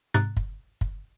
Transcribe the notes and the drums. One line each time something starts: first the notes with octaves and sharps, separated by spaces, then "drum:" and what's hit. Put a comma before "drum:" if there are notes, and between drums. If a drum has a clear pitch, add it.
G#2 C3 A#5 F#6 A6, drum: rim click
drum: kick
drum: kick